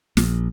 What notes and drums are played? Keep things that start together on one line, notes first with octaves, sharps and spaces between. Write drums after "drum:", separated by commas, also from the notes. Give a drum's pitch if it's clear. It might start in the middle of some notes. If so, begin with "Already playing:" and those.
A#1, drum: snare